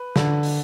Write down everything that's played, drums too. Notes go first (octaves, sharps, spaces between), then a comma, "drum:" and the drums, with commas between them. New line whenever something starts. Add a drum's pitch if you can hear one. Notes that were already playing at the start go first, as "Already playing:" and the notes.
Already playing: B4
D3, drum: snare
drum: open hi-hat